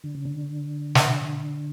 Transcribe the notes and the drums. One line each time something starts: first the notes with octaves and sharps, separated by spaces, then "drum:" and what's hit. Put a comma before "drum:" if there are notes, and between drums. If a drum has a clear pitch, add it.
D3
C#3
D3
drum: snare